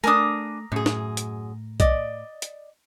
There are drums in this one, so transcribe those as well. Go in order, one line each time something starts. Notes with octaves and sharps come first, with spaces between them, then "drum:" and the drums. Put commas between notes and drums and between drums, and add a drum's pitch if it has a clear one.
A3 D4 A#4 G#5 D6 D#6
F#2 A2 G#4
drum: snare
drum: hi-hat
D5 D#5, drum: kick B1, hi-hat
drum: hi-hat